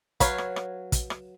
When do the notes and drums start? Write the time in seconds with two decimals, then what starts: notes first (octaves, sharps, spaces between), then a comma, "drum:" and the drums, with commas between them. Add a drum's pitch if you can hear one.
0.20 F#3 B4 C#5 F5, drum: kick, hi-hat
0.38 drum: rim click
0.56 drum: rim click
0.92 drum: kick, hi-hat
1.10 drum: rim click